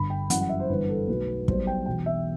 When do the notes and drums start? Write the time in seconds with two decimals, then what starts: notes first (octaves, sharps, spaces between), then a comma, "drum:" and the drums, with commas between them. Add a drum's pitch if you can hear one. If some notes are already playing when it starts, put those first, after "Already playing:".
Already playing: G1 G2 D3 B5
0.10 G5
0.30 F#2 E3 G3 F#5, drum: hi-hat
0.41 F#5
0.49 E5
0.60 C5
0.69 G1 G2 E3 B4
0.89 A4
1.08 B1 B2 F#3 A3 B4
1.48 B1 B2 G3 C5, drum: kick
1.67 G5
1.86 E1 E2 B2 G5
2.06 E5